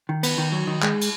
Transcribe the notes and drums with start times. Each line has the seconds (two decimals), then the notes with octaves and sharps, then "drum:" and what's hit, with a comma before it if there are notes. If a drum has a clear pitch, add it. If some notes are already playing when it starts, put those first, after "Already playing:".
0.09 D#3
0.23 B3, drum: cymbal
0.38 D#3
0.52 F#3
0.67 D#3
0.82 G#3, drum: clap
1.01 drum: cymbal